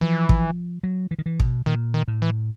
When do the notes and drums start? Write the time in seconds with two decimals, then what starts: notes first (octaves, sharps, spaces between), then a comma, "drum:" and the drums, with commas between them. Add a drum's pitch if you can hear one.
0.01 E3 F3
0.29 drum: kick
0.83 F#3
1.11 E3
1.18 D#3
1.26 E3
1.40 B2, drum: kick
1.66 A#2 D#3
1.94 D#3
2.08 A2
2.22 E3